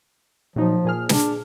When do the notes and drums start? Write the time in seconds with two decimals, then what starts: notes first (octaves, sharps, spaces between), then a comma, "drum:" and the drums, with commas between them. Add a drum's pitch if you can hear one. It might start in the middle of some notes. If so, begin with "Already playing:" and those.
0.56 A#2 F3 F#3 D#4
0.85 A#2 G#4 F6
1.09 D4, drum: snare